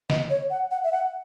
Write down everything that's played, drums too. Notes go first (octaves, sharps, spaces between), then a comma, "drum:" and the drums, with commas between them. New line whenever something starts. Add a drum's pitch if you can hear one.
D#5, drum: snare
C#5
F#5
F#5
E5
F#5